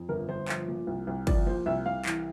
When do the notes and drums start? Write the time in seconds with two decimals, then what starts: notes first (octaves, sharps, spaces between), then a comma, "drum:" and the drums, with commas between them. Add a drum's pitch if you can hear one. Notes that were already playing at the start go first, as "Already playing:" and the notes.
Already playing: F2
0.09 G1 A#4
0.29 G1 C5
0.48 F3, drum: clap
0.68 A#2
0.87 C2
1.07 C2
1.27 F3 D5, drum: kick, cymbal
1.46 A#2 C5
1.66 C2 E5
1.86 C2 F5
2.05 E3, drum: clap